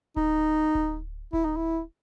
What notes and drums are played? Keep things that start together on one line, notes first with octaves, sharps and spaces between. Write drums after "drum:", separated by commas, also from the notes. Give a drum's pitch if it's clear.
D#4, drum: kick D1
drum: kick D1
E4, drum: kick D1
D#4
E4